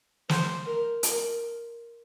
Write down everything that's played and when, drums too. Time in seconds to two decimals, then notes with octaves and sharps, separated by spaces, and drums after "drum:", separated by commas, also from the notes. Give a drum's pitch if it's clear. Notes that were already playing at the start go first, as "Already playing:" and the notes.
0.29 C5, drum: snare
0.67 A#4
1.03 A#4, drum: hi-hat